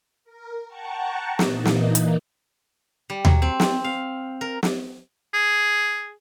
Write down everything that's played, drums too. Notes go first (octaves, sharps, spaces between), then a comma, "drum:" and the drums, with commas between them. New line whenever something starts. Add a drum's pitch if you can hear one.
A#4
F#5 G5 A5 A#5 C#6
A#2 E3 A#3 D#4, drum: snare
drum: snare
drum: hi-hat
G3
F#3, drum: tom D#2
C4
drum: snare
F5
A#4
drum: snare
G#4